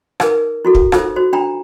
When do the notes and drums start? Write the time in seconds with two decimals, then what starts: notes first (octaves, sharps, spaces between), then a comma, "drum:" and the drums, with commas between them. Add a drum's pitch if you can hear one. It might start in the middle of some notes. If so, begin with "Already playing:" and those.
0.20 D#4 G#4 A#4 B4, drum: rim click
0.65 E4 F#4 A4
0.75 drum: kick
0.92 D#4 F4 A4 C5, drum: rim click
1.16 F#4 C5
1.33 D4 G5 A#5 B5